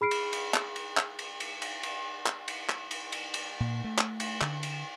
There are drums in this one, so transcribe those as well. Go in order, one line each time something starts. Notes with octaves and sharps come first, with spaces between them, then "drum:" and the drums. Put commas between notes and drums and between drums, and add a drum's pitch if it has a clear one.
G#4 B5 F6 C7 D7
drum: cymbal
drum: cymbal
drum: clap
drum: cymbal
drum: clap
drum: cymbal
drum: cymbal
drum: cymbal
drum: cymbal
drum: clap
drum: cymbal
drum: clap
drum: cymbal
drum: cymbal
drum: cymbal
A#2
A3
drum: clap
drum: cymbal
D3, drum: clap
drum: cymbal